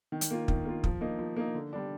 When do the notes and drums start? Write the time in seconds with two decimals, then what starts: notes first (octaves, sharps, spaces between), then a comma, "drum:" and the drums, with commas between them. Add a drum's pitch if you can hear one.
0.12 D#3
0.21 drum: hi-hat
0.31 A#3 F4
0.48 D#3, drum: kick
0.65 A#3 F4
0.84 F3, drum: kick
1.01 A#3 D#4
1.19 F3
1.36 A#3 D#4
1.55 D3
1.73 G3 D4